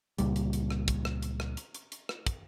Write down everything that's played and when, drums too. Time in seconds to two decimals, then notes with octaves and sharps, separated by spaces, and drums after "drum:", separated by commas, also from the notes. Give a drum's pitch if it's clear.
0.18 C#2 A#2 G3, drum: hi-hat
0.36 drum: hi-hat
0.53 drum: hi-hat
0.70 drum: rim click
0.88 drum: kick, hi-hat
1.05 drum: rim click
1.22 drum: hi-hat
1.40 drum: rim click
1.57 drum: hi-hat
1.74 drum: hi-hat
1.92 drum: hi-hat
2.09 drum: rim click
2.27 drum: kick, hi-hat